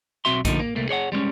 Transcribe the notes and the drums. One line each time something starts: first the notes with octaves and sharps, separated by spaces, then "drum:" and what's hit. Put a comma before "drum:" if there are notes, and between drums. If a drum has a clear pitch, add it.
B1 C4 F#4 E5 C6
D3 F3 F#3 A3 A#3 D#4, drum: kick A#1, hi-hat
A#3
C2 A3 A#3
G#4 C#5 D5 F#5
G3 G#3 A#3 C#4